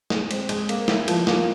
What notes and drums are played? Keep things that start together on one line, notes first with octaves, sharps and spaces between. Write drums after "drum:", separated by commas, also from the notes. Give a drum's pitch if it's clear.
G#3, drum: snare
C4, drum: cymbal
G#3, drum: cymbal
A#3, drum: cymbal
E4, drum: snare
F3, drum: cymbal
A#3, drum: snare